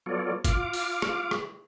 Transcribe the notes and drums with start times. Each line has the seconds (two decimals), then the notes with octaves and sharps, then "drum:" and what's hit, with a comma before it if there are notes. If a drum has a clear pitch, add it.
0.06 F#3 B3 F4 A4 C#5 D5
0.45 F4 F5 D6, drum: kick, hi-hat
0.73 drum: open hi-hat
1.02 drum: rim click
1.31 drum: rim click